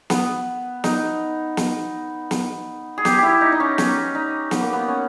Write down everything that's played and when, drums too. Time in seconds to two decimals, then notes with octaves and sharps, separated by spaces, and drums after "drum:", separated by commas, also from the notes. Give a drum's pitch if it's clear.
0.10 B3, drum: snare
0.84 D#4, drum: snare
1.57 drum: snare
2.31 drum: snare
2.98 G#4
3.05 G4, drum: snare
3.18 E4 G4
3.41 D#4
3.52 D#4
3.60 C#4
3.78 C#4, drum: snare
4.15 D#4
4.51 B3, drum: snare
4.62 A#3
4.73 B3
4.88 C#4